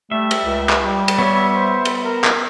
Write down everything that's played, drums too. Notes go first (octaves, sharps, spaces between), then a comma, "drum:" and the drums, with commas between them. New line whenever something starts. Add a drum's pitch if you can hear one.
G3 A3 E5
drum: cymbal
C#2
drum: clap
G3 G4
drum: cymbal
B3 C#5 E5
C5
drum: cymbal
A#4
drum: clap